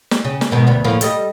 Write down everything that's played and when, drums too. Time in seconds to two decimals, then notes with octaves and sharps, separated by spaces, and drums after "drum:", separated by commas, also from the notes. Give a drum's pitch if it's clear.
0.11 drum: snare
0.25 C#3
0.41 drum: snare
0.51 G#2 B2 D#3
0.67 D2 G2 B3
0.84 A2 F3 A#3
1.01 G3 A4 D#5, drum: hi-hat